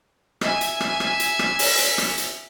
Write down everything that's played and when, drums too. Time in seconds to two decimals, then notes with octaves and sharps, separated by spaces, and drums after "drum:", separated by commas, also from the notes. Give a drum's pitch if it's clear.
0.41 E5 G#5, drum: rim click
0.61 drum: hi-hat
0.81 drum: rim click
1.00 drum: rim click
1.20 drum: hi-hat
1.39 drum: rim click
1.59 drum: open hi-hat
1.79 drum: hi-hat
1.98 drum: rim click
2.18 drum: hi-hat